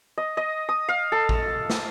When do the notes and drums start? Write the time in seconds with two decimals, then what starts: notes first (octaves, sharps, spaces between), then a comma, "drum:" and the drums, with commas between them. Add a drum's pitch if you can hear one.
0.18 D#5
0.37 D#5
0.69 D#6
0.89 F5
1.12 A4
1.29 drum: kick A1
1.70 drum: snare